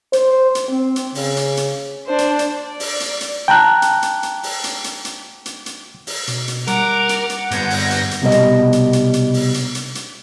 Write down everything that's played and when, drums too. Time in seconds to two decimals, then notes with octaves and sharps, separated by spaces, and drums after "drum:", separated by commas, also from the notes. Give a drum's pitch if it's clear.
0.13 C5, drum: hi-hat
0.55 drum: hi-hat
0.68 C4
0.96 drum: hi-hat
1.15 C#3, drum: open hi-hat
1.37 drum: hi-hat
1.57 drum: hi-hat
2.07 D4 C5
2.18 drum: hi-hat
2.39 drum: hi-hat
2.52 D5
2.80 drum: open hi-hat
3.00 drum: hi-hat
3.21 drum: hi-hat
3.48 G5 A5 A#5 F#6
3.82 drum: hi-hat
4.02 drum: hi-hat
4.23 drum: hi-hat
4.43 drum: open hi-hat
4.64 drum: hi-hat
4.84 drum: hi-hat
5.05 drum: hi-hat
5.46 drum: hi-hat
5.66 drum: hi-hat
6.07 drum: open hi-hat
6.27 B2, drum: hi-hat
6.48 drum: hi-hat
6.67 G3 A#4 F#5 D6 F6, drum: hi-hat
7.09 drum: hi-hat
7.30 drum: hi-hat
7.51 G2 B3 G6 G#6 A#6, drum: hi-hat
7.70 drum: open hi-hat
7.91 drum: hi-hat
8.11 drum: hi-hat
8.22 C2 B2 G3 D#5
8.32 drum: hi-hat
8.73 drum: hi-hat
8.93 drum: hi-hat
9.13 drum: hi-hat
9.34 drum: open hi-hat
9.54 drum: hi-hat
9.75 drum: hi-hat
9.95 drum: hi-hat